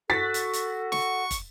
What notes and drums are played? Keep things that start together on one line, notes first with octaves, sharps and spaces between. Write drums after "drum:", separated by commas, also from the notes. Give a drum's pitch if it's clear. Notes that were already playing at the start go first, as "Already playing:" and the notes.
F#4 A4 A6 B6
drum: hi-hat
drum: hi-hat
C#6, drum: snare
drum: kick, hi-hat